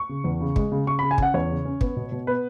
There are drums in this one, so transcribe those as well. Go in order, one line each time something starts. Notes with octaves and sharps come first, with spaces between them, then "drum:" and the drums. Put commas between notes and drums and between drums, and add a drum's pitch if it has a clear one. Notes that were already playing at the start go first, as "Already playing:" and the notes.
Already playing: C#6
C#3
E2
C#3
G#3, drum: kick
C#3
C#3 C#6
C#3 B5
G#5
C#4 F#5, drum: kick
E2 C#5
C#3
C#4
B3, drum: kick
B2
B2
B3 B4